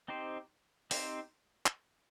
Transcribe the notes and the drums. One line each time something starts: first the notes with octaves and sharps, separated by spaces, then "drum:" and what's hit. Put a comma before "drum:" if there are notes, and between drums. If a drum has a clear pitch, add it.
C4 D#4 G4 C5
C4 D#4 G4 C5, drum: open hi-hat
drum: clap